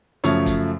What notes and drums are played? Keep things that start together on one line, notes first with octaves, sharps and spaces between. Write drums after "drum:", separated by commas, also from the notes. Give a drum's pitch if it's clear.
F#2 C#3 F3 A3 C#5, drum: hi-hat
drum: kick, hi-hat